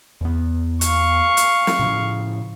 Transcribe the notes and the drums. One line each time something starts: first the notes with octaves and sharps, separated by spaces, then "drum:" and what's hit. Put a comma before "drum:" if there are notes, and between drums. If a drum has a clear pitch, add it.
E2 B3
F5 C#6, drum: hi-hat
drum: hi-hat
drum: snare
A2 C#3 F3